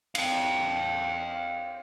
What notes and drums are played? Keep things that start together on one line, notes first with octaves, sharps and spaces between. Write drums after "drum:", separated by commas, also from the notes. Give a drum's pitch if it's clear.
F5 G5, drum: cymbal